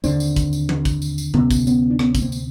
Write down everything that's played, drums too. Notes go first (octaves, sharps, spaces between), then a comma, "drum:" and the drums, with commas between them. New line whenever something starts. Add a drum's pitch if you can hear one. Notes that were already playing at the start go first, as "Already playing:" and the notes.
D#2 D3 C4 D4, drum: tambourine
drum: tambourine
drum: kick, tambourine
drum: tambourine
drum: tom E3
drum: kick, tambourine
drum: tambourine
drum: tambourine
D2 C3 B3 C#4, drum: tom A#2
drum: kick, tambourine
B3 C#4, drum: tambourine
D4
B3 C#4, drum: rim click
B3, drum: kick, tambourine
A#3 C4
drum: tambourine